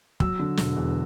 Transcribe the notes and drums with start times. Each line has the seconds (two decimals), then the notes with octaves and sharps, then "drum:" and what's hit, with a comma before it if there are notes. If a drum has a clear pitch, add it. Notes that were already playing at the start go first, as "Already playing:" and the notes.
0.20 F#3 E6, drum: kick
0.39 D3
0.57 E1, drum: snare
0.76 E2